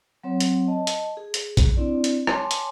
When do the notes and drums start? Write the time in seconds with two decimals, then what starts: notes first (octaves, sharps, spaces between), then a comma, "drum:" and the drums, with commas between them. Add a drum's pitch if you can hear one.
0.24 F#3 C4 C#5
0.40 drum: hi-hat
0.67 D#5 A5
0.87 drum: hi-hat
1.17 G#4
1.34 drum: hi-hat
1.57 drum: kick, hi-hat
1.77 C4 D4 E4 D5
2.04 drum: hi-hat
2.27 C#5 G#5 A5 C6 D6, drum: rim click
2.51 drum: hi-hat